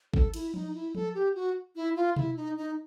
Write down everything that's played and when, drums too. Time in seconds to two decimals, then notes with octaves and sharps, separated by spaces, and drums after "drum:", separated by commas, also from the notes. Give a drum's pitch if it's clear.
0.14 A4, drum: kick
0.34 E4, drum: cymbal
0.54 D#4, drum: tom F3
0.74 E4
0.95 A4, drum: tom F3
1.14 G4
1.35 F#4
1.76 E4
1.96 F4
2.16 E4, drum: tom B2
2.36 D#4
2.57 D#4